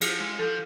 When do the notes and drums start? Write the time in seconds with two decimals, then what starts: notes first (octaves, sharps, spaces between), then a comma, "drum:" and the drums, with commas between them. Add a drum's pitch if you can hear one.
0.01 F3 G#4, drum: cymbal
0.20 G#3
0.39 F3 A4